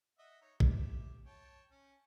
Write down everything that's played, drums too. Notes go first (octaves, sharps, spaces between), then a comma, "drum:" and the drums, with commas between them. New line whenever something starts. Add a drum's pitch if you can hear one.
D#5 E5 F#5
D#4 C#5
G4 E5, drum: kick A#1
C#5 G5 A5
C#4